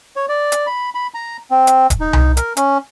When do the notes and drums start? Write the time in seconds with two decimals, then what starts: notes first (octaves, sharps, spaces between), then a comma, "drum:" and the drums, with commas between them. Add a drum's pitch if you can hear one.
0.16 C#5
0.29 D5
0.52 drum: hi-hat
0.67 B5
0.95 B5
1.14 A#5
1.51 C4
1.67 drum: hi-hat
1.90 drum: kick D#1, hi-hat
2.00 D#4
2.13 drum: tom C2
2.37 A#4, drum: hi-hat
2.57 C#4, drum: hi-hat